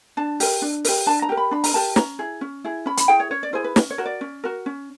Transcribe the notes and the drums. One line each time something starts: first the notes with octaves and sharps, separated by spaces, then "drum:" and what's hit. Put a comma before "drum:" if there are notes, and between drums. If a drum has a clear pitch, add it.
D4 A5
G4 A#4, drum: open hi-hat
D4
G4 A#4, drum: open hi-hat
D4 A5
A#5
G4 A#4
B5
D4 B5
A#5, drum: open hi-hat
G4 A#4 A5
C#4 A#5, drum: snare
E4 G#4
C#4
E4 G#4
C#4 B5
B5, drum: hi-hat
E4 G#4 G5
C#5
C#4 C#5
D5
E4 G#4 C5
B4
C#4, drum: snare
C#5
F#4 A#4
D5
C#4
F#4 A#4
C#4